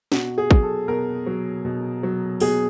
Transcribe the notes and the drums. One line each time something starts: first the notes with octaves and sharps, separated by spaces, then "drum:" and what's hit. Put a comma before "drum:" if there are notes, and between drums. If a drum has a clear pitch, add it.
B2 F#4, drum: snare
G#4
F#3, drum: kick
A4
B2 A#4
F#3
B2
F#3
B2 G#4, drum: open hi-hat